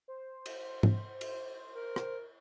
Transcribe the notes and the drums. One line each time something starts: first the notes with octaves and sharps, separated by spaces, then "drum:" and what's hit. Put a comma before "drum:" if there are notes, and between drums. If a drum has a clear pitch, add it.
C5
drum: cymbal
drum: tom G#2
drum: cymbal
A#4
drum: rim click